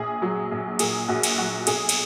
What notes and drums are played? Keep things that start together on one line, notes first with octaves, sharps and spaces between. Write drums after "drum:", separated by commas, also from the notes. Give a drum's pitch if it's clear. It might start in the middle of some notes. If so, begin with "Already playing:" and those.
Already playing: A#1 G#4
F#3
A#1
A#2 G#4, drum: cymbal
A#1 F#4
drum: cymbal
F#3 F#4
B1 G#4, drum: cymbal
drum: cymbal